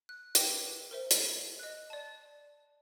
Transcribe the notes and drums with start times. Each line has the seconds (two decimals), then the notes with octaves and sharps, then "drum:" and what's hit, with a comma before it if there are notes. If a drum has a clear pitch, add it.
0.09 F#6
0.35 B4 G5 D6 E7, drum: hi-hat
0.91 A#4 C5 E5
1.11 drum: hi-hat
1.59 D#5 F#6
1.90 D5 A5